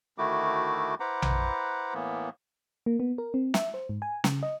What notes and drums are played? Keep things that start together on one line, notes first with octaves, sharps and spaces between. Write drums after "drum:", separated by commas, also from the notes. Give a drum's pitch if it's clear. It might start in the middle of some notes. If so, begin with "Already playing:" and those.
D2 D#3 A3 E4 F#4 D6
E4 B4 C5 F#5 A#5 D6
drum: tom A#1
A2 E3 A#3 B3
A#3
B3
A#4
C4
E5, drum: snare
C5
G#2
G#5
C#3, drum: snare
D#5